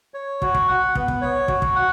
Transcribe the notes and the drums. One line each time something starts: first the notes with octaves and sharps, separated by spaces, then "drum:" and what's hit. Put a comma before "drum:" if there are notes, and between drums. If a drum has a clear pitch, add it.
C#5
F#4, drum: kick
drum: kick
F#5
B3, drum: kick
drum: kick
C#5
F#4, drum: kick
drum: kick
F#5